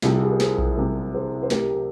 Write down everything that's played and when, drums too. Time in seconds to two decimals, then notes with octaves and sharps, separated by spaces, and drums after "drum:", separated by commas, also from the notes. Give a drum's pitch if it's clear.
0.02 C2 C3 G3 F4 G#4, drum: snare
0.15 G4
0.23 G#4
0.31 A#4
0.40 G#4 C5, drum: snare
0.58 drum: kick A#1
0.77 C2 C3 G3
1.14 G#4 C5
1.43 C5
1.50 C2 C3 G3 G4 A#4, drum: snare